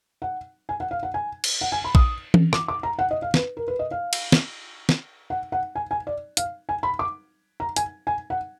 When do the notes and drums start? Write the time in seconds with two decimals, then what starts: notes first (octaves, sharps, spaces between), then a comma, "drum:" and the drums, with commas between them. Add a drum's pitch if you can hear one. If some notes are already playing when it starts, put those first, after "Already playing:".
0.22 F#5
0.69 G#5
0.80 F#5
0.91 F5
1.03 F#5
1.14 G#5
1.44 drum: cymbal
1.61 F#5
1.72 G#5
1.84 B5
1.95 D#6, drum: kick
2.34 drum: tom E3
2.53 D6, drum: rim click
2.68 D6
2.83 A#5
2.99 F#5
3.11 D#5
3.22 F5
3.34 B4, drum: snare
3.57 A#4
3.68 B4
3.79 D#5
3.91 F5
4.13 drum: cymbal
4.32 drum: snare
4.89 drum: snare
5.30 F#5
5.52 F#5
5.75 G#5
5.91 G#5
6.07 D5
6.37 F5, drum: hi-hat
6.69 G#5
6.83 B5
6.99 D6
7.60 A#5
7.76 G#5, drum: hi-hat
8.07 G#5
8.30 F#5